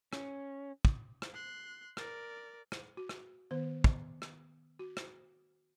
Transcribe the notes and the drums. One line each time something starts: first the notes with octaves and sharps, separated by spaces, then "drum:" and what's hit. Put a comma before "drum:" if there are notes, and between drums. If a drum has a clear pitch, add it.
C#4, drum: rim click
drum: kick
drum: rim click
C6 F#6
A#4 D5, drum: rim click
drum: rim click
F#4
drum: rim click
D#3 B3 C5
drum: kick
drum: rim click
F#4
drum: rim click